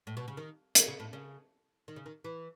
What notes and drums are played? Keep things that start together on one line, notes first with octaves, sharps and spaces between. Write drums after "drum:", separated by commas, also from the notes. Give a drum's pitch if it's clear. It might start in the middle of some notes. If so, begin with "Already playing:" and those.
A2
B2
C#3
D#3
D#3, drum: hi-hat
C#3
A2
C#3
D#3
C#3
D#3
E3